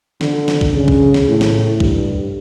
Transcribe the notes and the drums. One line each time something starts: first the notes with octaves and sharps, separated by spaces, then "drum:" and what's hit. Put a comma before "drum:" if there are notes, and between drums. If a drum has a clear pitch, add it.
D3, drum: snare
drum: snare
drum: kick
C#3
drum: kick
drum: snare
A2
drum: snare
G2, drum: kick